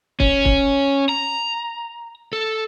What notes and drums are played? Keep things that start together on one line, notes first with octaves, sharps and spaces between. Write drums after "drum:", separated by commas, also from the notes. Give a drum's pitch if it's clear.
C#4, drum: kick
drum: kick
A#5
A4